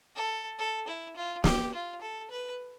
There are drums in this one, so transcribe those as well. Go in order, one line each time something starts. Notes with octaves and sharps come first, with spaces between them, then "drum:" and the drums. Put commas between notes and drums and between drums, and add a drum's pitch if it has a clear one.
A4
A4
E4
F4
G4, drum: snare
F4
A4
B4